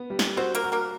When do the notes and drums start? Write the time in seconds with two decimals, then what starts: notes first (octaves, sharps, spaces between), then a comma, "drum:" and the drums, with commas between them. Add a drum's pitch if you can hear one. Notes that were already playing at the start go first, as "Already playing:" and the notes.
Already playing: B3
0.10 G3
0.19 drum: snare
0.37 C4 F#4 C5
0.55 A#3 A#4, drum: hi-hat
0.64 F#4
0.72 A#3 A#4